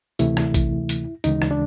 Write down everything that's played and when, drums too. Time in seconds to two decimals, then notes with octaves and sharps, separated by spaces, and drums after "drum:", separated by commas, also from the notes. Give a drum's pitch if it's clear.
0.19 D2 C3 E3 A3 E4, drum: hi-hat
0.37 drum: rim click
0.54 drum: kick A#1, hi-hat
0.89 drum: hi-hat
1.24 D2 C#3 E3 G#3 D#4, drum: hi-hat
1.42 drum: rim click
1.51 D4